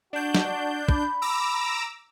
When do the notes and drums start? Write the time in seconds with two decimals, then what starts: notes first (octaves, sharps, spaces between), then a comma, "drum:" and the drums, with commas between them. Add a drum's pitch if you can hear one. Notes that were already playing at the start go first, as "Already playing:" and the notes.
0.13 D4 F#4 G6
0.35 drum: snare
0.89 B5, drum: kick
1.22 A#5 D6 E6